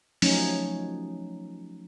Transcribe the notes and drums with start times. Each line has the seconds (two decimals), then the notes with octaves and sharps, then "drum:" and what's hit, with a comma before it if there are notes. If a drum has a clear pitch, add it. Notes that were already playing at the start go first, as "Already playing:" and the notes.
0.22 F3 F#3 A3 C#4 D#4, drum: open hi-hat